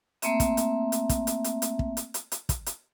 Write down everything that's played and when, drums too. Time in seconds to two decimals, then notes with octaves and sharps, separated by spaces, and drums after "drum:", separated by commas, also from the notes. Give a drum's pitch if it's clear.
0.22 A3 A#3 C4 E5, drum: hi-hat
0.40 drum: kick, hi-hat
0.57 drum: hi-hat
0.92 drum: hi-hat
1.09 drum: kick, hi-hat
1.27 drum: hi-hat
1.44 drum: hi-hat
1.62 drum: hi-hat
1.79 drum: kick
1.97 drum: hi-hat
2.14 drum: hi-hat
2.32 drum: hi-hat
2.49 drum: kick, hi-hat
2.66 drum: hi-hat